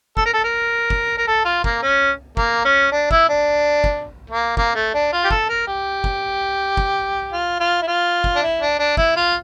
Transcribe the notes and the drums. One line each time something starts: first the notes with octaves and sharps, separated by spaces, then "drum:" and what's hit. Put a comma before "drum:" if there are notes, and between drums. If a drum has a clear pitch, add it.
A4, drum: kick
A#4
A4
A#4
drum: kick
A#4
A4
F4
A#3, drum: kick
C#4
A#3, drum: kick
C#4
D4
E4, drum: kick
D4
drum: kick
A#3
A#3, drum: kick
A3
D4
F4
G4
A4, drum: kick
A#4
G4
drum: kick
drum: kick
F4
F4
E4
F4
drum: kick
D4
E4
D4
D4
E4, drum: kick
F4